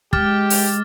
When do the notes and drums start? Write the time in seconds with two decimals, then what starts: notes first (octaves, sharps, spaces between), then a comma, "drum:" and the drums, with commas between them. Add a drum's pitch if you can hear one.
0.13 G#3 G4 D6 F6 A6, drum: kick
0.50 drum: open hi-hat